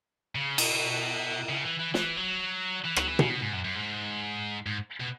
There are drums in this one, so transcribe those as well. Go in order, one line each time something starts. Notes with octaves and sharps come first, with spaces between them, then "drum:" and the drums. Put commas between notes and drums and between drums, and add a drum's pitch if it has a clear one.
C#3
B2, drum: cymbal
C#3
E3
E3
E3, drum: snare
F#3
E3
F#3, drum: rim click
E3
C#3, drum: tom B2
B2
G#2
F#2
F#2
G#2
G#2
B2